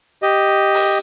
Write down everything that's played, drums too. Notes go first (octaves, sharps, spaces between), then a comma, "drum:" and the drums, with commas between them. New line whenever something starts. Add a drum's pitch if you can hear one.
G4 D#5
drum: hi-hat
drum: open hi-hat